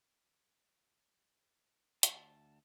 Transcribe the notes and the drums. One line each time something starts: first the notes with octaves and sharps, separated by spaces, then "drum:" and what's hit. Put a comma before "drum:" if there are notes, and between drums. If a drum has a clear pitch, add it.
D2 A5, drum: hi-hat